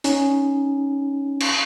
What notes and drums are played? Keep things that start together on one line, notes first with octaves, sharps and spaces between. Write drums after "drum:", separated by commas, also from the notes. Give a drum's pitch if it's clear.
C#4 D#4, drum: hi-hat
drum: cymbal